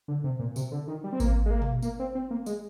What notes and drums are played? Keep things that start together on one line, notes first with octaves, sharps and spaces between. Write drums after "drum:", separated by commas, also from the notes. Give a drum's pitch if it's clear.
D3
C3
A#2
C3, drum: tambourine
D3
D#3
G3
C4
A#3, drum: kick G#1, tambourine
G#3
A#3
drum: tom A#2
A#3, drum: tambourine
C4
C4
A#3
G#3, drum: tambourine